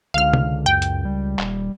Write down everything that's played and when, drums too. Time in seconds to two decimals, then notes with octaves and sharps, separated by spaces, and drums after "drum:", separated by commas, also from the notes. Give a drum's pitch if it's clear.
0.14 C#2 D3 F5 F6
0.33 drum: tom C3
0.66 F#2 G5
0.82 drum: hi-hat
1.05 G3
1.39 D#1, drum: clap